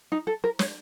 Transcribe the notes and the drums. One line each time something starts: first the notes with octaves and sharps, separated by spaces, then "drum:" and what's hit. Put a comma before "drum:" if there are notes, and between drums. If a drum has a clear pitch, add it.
D#4
A4
A#4
C#5, drum: snare